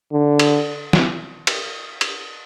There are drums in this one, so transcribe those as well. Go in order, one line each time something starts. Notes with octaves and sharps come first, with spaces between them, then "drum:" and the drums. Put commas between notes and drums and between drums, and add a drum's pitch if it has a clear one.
D3
drum: cymbal
drum: snare
drum: cymbal
drum: cymbal